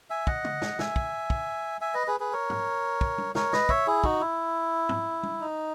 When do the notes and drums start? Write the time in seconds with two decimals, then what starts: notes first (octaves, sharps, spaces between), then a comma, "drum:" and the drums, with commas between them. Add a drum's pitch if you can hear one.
0.10 E5 G#5
0.27 D#5 F#5, drum: kick
0.45 drum: tom
0.62 drum: snare
0.79 E5 G#5, drum: snare
0.96 drum: kick
1.30 drum: kick
1.81 E5 G#5
1.94 B4 D#5
2.07 G#4 B4
2.20 G#4 B4
2.32 A#4 C#5
2.50 drum: tom G#2
3.01 drum: kick
3.18 drum: tom
3.35 A#4 C#5, drum: snare
3.53 B4 D#5, drum: snare
3.69 C#5 E5, drum: kick
3.87 E4 G#4
4.04 D#4 F#4, drum: kick
4.20 E4
4.89 drum: tom G#2
5.23 drum: tom
5.41 D#4